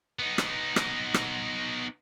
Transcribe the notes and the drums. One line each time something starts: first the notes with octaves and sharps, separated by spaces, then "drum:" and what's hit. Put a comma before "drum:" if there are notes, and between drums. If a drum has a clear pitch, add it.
B3 D#4
drum: rim click
drum: rim click
drum: rim click